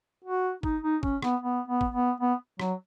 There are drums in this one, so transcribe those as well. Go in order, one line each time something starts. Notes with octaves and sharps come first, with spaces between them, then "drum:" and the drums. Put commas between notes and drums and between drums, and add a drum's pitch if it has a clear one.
F#4
D#4, drum: kick
D#4
C#4, drum: kick
B3, drum: rim click
B3
B3
drum: kick
B3
B3
F#3, drum: rim click